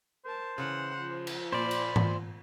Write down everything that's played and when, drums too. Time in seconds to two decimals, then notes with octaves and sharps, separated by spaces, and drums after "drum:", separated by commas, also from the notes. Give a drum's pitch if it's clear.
0.25 A#4 C5 A5
0.58 C#3 E3 F#5
0.99 F3
1.27 drum: cymbal
1.52 A#2 C5 D5 B5
1.71 drum: cymbal
1.96 drum: tom